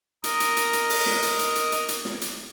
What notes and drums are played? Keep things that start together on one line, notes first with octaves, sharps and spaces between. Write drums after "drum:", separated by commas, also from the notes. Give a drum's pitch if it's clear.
A#4 D#5, drum: hi-hat
drum: hi-hat
drum: hi-hat
drum: hi-hat
drum: open hi-hat
drum: snare
drum: hi-hat
drum: hi-hat
drum: hi-hat
drum: hi-hat
drum: hi-hat
drum: snare
drum: hi-hat